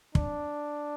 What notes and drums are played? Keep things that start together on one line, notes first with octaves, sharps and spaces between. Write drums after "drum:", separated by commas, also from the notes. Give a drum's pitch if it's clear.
D4, drum: kick